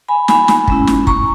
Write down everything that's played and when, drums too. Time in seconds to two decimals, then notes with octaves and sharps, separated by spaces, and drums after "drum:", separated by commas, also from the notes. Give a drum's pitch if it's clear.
0.09 G#5 B5
0.28 G#5 B5, drum: snare
0.48 drum: snare
0.68 G#3 C#4 E4, drum: kick
0.87 drum: snare
1.07 A#5 C#6, drum: kick